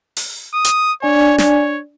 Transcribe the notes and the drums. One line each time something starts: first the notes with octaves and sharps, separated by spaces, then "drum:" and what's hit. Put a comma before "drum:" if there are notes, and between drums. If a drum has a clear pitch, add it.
drum: open hi-hat
D#6
drum: hi-hat
D4 C#5 D5 G#5
C#5, drum: snare